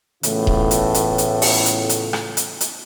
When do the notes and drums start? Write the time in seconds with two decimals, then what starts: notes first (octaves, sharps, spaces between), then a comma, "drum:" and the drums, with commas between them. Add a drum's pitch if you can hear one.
0.23 A2 C#3 E3 A3 B3 F4, drum: hi-hat
0.47 drum: kick D#1
0.71 drum: hi-hat
0.94 drum: hi-hat
1.18 drum: hi-hat
1.42 drum: open hi-hat
1.66 drum: hi-hat
1.89 drum: hi-hat
2.13 drum: rim click
2.37 drum: hi-hat
2.61 drum: hi-hat